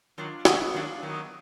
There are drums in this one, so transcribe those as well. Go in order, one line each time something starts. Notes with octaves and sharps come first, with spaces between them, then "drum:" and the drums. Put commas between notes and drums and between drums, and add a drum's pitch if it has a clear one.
D#3 F#3 D4 F4
D3 F3 B3, drum: snare
D#3 F#3 D4 F4
D#3 F#3 B3